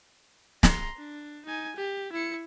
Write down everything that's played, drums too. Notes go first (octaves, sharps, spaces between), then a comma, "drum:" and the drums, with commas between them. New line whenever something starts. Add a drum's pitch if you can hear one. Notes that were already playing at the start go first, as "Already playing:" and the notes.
A#5 C6, drum: snare
D4
D#4 G#5
G4
E4 C#7